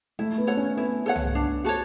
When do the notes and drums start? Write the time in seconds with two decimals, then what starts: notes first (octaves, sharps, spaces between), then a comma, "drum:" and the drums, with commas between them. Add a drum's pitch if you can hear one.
0.19 A3 E4
0.38 B3
0.47 A4 C#5 F#5
0.57 C#4
0.77 B3 E4
1.06 A4 C#5 F#5
1.16 drum: tom C2
1.35 D4
1.64 F#4 A4 C#5